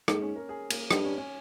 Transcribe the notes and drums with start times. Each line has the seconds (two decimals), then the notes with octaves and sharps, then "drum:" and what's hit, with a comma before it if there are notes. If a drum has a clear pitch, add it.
0.08 G#2 A#3, drum: rim click
0.22 C#4
0.36 A#4
0.49 G#4
0.70 A#3, drum: cymbal
0.91 G2 D#4, drum: rim click
1.05 C#4
1.18 C#4